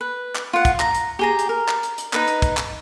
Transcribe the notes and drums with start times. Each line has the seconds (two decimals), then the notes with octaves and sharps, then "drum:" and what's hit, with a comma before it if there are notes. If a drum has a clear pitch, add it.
0.01 B4
0.35 drum: clap
0.53 F4 F#5
0.65 drum: kick, hi-hat
0.80 A#5, drum: clap
0.95 drum: hi-hat
1.19 G4 G#4 A#5
1.39 drum: hi-hat
1.49 A#4
1.68 drum: clap
1.83 drum: hi-hat
1.98 drum: hi-hat
2.13 D#4 B4 D#5, drum: clap
2.28 drum: hi-hat
2.42 drum: kick, hi-hat
2.57 drum: clap